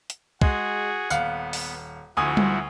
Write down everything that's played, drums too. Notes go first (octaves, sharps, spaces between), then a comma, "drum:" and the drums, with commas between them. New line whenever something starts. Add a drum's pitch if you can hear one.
drum: hi-hat
G#3 F#4 G#4, drum: kick
D#1 B3 F5 F#5, drum: tambourine
drum: open hi-hat
D2 F3 E4 F#4 G#5 D#6
drum: tom G3